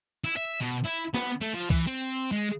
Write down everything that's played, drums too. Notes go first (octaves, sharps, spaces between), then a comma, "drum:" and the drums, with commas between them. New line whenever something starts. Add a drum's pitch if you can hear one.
E4
E5
B2
E4
B3, drum: snare
A3
F3
E3, drum: kick C2
C4
G#3